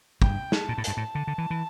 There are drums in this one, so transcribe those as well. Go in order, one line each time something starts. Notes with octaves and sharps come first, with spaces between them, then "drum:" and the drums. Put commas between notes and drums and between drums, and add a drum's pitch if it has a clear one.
G2 G5, drum: kick
A5, drum: snare
A#2
A2
G2 A5, drum: hi-hat
A2
D3
D3
E3
E3